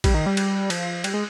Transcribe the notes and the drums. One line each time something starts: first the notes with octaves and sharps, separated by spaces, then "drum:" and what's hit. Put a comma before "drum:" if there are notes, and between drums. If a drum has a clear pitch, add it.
G3, drum: kick, cymbal
D#3
G3
drum: cymbal
F3, drum: cymbal
G3, drum: cymbal
G#3